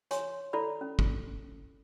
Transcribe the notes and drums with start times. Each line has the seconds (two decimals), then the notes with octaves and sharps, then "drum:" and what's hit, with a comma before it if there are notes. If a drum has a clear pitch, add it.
0.11 C#5 G#5 C6, drum: hi-hat
0.53 E4 A4 D5 B5
0.81 C#4
0.99 drum: kick